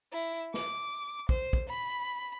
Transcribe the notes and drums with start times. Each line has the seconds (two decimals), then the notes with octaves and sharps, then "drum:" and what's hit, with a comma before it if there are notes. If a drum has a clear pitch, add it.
0.13 E4
0.54 D6, drum: snare
1.29 C5, drum: kick
1.53 drum: kick
1.69 B5